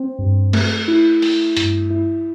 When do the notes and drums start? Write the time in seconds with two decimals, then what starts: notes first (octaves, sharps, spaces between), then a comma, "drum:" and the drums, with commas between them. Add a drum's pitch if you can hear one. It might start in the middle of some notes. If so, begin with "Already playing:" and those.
Already playing: C4
0.19 G2
0.53 A3, drum: cymbal
0.88 E4
1.22 A3, drum: open hi-hat
1.57 G2, drum: hi-hat
1.90 E4